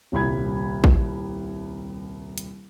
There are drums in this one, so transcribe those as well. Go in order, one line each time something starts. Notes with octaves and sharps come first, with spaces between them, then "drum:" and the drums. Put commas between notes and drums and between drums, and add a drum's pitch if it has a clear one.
D#1 C2 B5 G#6
drum: kick A#1
drum: hi-hat